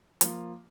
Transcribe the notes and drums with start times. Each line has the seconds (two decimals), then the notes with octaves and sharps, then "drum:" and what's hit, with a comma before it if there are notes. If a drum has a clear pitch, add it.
0.21 F3 A#3 F4, drum: hi-hat